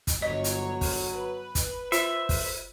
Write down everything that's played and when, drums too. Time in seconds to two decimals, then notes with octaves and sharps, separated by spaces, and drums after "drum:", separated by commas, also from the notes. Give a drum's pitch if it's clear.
0.07 drum: kick, hi-hat
0.22 G1 F#3 C#5 D#5
0.44 drum: hi-hat
0.81 drum: kick, open hi-hat
1.12 B4
1.55 drum: kick, hi-hat
1.92 F4 C5 E5, drum: hi-hat
2.29 drum: kick, open hi-hat